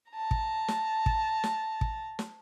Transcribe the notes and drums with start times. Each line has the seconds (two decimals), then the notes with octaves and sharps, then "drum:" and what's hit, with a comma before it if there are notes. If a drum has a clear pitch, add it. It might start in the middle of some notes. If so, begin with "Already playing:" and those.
0.12 A5 A#5
0.31 drum: kick
0.68 drum: snare
1.06 drum: kick
1.44 drum: snare
1.81 drum: kick
2.19 drum: snare